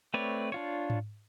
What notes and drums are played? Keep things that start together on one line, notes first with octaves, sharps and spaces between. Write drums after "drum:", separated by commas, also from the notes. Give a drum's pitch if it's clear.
A3 C4 B4 C#5 D5
D4 F4 C#5
drum: tom G#2